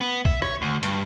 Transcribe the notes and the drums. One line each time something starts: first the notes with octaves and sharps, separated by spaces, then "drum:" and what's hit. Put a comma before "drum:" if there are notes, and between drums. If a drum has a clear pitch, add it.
B3
E5, drum: kick
C#5, drum: rim click
D2
G2, drum: hi-hat